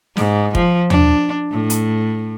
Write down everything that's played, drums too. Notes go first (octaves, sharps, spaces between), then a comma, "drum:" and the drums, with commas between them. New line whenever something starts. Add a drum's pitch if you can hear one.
G#2, drum: snare
F3, drum: kick
D4, drum: tom
A2
drum: hi-hat